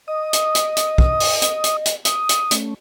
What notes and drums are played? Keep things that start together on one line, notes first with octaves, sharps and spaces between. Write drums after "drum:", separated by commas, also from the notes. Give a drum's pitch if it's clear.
D#5 D#6
drum: hi-hat
drum: hi-hat
drum: hi-hat
drum: kick
drum: open hi-hat
drum: hi-hat
drum: hi-hat
drum: hi-hat
D#6, drum: hi-hat
drum: hi-hat
A3 C#4, drum: hi-hat